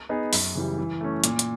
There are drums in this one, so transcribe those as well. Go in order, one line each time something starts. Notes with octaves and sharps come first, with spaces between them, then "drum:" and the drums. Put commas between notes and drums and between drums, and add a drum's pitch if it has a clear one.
B3 D#4 G#4
F#2, drum: open hi-hat
C#3 E3 G3
E3
A3 C#4
A#2, drum: hi-hat
drum: hi-hat